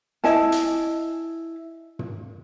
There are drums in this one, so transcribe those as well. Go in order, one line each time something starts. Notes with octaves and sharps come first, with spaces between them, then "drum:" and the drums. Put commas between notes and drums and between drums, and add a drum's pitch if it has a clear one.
E4 D#5 G#5 A5, drum: snare
drum: hi-hat
drum: tom